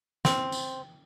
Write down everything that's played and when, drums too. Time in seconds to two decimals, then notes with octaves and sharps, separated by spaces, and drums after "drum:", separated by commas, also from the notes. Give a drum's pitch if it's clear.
0.25 C4, drum: snare
0.52 drum: tambourine